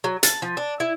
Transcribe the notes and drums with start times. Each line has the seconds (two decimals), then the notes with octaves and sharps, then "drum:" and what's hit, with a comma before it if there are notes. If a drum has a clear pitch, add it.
0.04 F#3
0.23 A5, drum: hi-hat
0.42 F3
0.57 D4
0.80 E4